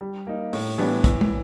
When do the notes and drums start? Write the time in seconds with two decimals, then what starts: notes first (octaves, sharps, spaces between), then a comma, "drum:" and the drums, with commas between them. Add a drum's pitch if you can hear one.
0.01 G3
0.27 A#3 D#4
0.53 A2, drum: open hi-hat
0.78 E3 G3 B3 D4
1.04 E3, drum: kick, hi-hat
1.21 drum: tom